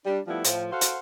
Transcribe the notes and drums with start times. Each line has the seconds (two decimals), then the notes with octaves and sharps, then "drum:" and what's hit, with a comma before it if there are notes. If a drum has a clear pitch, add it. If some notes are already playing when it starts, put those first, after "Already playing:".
0.06 G3 D4
0.27 F3 G3 A3 B3 E4
0.45 A2 F3, drum: hi-hat
0.72 F#4 A4 C5 F5 F#5
0.81 drum: hi-hat